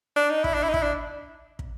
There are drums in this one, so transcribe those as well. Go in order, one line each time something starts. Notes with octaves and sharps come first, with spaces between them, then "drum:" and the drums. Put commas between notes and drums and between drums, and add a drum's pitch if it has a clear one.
D4
D#4
E4, drum: kick
D4
E4
D#4
E4, drum: kick
D4
drum: kick